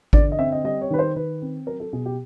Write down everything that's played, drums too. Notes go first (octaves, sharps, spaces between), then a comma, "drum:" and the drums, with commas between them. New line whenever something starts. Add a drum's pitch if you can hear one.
D3 D5, drum: kick G#1
D#5
C4 E5
D#5
G3 D#5
C#5
D#3 B4
C5
D#3 B4
C4
F#3 A#4
A4
B2 G#4
G4